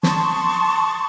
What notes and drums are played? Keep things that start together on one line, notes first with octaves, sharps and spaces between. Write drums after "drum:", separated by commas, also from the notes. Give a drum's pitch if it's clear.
A5 C6 C#6 D#6, drum: snare